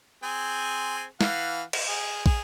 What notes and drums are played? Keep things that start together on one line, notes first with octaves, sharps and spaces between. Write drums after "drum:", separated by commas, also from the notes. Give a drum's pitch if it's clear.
C4 G#4 G#5
E3 F5 F#5, drum: snare
drum: cymbal
G#4
G#4, drum: kick